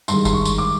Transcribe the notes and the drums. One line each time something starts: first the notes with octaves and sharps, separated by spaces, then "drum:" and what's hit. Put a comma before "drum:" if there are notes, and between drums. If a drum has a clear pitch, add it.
G2 D#3 G#3 C6, drum: tambourine
C6, drum: kick G1, tambourine
C#6
drum: tambourine
D6